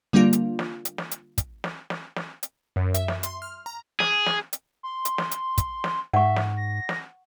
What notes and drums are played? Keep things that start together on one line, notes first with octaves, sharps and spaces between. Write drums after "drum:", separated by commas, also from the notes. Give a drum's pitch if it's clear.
D3 G3 A#3 D4 F4
drum: hi-hat
drum: snare
drum: hi-hat
drum: snare
drum: hi-hat
drum: kick, hi-hat
drum: snare
drum: snare
drum: snare
drum: hi-hat
F#2
E5, drum: hi-hat
drum: snare
C6, drum: hi-hat
F6
A#5
G#4, drum: snare
drum: snare
drum: hi-hat
C6
drum: hi-hat
drum: snare
drum: hi-hat
drum: kick, hi-hat
drum: snare
G#2 E5 F#5 C#6
drum: snare
A#6
drum: snare